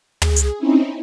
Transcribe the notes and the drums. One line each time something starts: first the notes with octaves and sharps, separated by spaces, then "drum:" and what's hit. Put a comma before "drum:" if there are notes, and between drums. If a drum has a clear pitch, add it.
G#4, drum: tom
drum: hi-hat
C4 C#4 D#4 E4